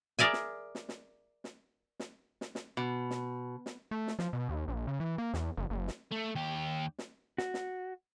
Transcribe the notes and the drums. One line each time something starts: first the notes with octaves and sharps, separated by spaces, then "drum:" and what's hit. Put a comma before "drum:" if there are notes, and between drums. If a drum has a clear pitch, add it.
G#4 A#4 D5 E5 G#5
drum: snare
drum: snare
drum: snare
drum: snare
drum: snare
drum: snare
drum: snare
B2
drum: snare
drum: snare
A3
drum: snare
F3, drum: snare
B2
D#2
A#1
C#3
E3
A#3
E2, drum: snare
F#1
F#1
drum: snare
A3
D#2 G4
drum: snare
F#4, drum: snare
drum: snare